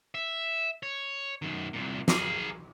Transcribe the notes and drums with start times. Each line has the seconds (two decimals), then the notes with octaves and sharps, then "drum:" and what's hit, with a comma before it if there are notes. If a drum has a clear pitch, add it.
0.15 E5
0.83 C#5
1.42 F#2 D#3
1.73 C2 A#2
2.08 G#4 A#4, drum: snare